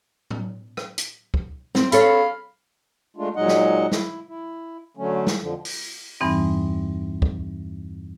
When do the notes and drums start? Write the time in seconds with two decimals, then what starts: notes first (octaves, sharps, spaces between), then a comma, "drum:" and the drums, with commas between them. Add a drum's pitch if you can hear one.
0.30 drum: tom A2
0.77 drum: rim click
0.98 drum: hi-hat
1.34 drum: kick
1.75 C4, drum: snare
1.92 C4 A4 C#5 F5 B5, drum: hi-hat
3.17 G#3 A3 D4 F4
3.36 A#2 F#3 G#3 D#4 D#5 F#5
3.48 drum: snare
3.92 E4, drum: snare
4.28 E4
4.97 D3 F#3 A3 C#4
5.27 drum: snare
5.40 F2 D3 F3
5.65 drum: open hi-hat
6.20 E2 G2 E3 G3 C4 D#4
7.22 drum: kick